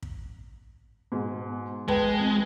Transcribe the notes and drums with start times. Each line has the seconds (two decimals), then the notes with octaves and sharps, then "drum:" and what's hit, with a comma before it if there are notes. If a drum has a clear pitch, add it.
0.02 drum: kick
1.12 G#2 B2
1.88 G#3 B4 G5 A5, drum: kick
2.19 F2